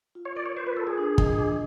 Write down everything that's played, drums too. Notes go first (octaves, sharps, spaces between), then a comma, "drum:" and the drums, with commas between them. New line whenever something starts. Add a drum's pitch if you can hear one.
F4
C#5
A#4 D5
C#5
F4 C5
B4
F4 A4
G#4
D4
D#5, drum: kick
D4